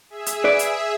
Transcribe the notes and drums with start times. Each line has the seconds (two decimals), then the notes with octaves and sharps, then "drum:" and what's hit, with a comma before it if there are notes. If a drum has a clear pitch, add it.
0.10 G#4 E5
0.26 drum: hi-hat
0.44 B4 D5
0.59 drum: hi-hat